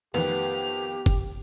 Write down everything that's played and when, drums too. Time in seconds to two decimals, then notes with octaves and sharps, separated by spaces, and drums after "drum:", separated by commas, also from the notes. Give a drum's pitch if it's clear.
0.14 F2 D#3 B3 G4 F7
1.06 drum: kick